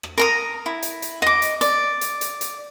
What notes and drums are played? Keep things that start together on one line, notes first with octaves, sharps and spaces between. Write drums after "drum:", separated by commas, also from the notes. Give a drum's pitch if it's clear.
drum: rim click
A#4 A#5 D#6
E4
drum: hi-hat
drum: hi-hat
D#5 D6, drum: rim click
drum: hi-hat
D5, drum: hi-hat
drum: hi-hat
drum: hi-hat
drum: hi-hat